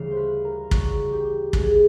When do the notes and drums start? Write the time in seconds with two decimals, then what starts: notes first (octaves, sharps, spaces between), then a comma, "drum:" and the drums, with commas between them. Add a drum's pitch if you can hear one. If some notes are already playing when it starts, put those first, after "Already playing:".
Already playing: D2 C#3 E3 G3 F5
0.10 C5
0.17 B4
0.44 A#4
0.71 D2 C#3 E3 G3 F#4, drum: kick
1.12 G4
1.53 D2 C#3 E3 G3 G#4, drum: kick